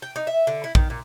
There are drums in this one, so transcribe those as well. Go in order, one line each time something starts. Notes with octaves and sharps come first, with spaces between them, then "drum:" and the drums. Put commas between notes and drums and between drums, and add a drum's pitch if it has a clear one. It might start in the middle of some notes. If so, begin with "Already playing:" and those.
G5
D#4
E5
D3
E4
D#3, drum: kick
A#2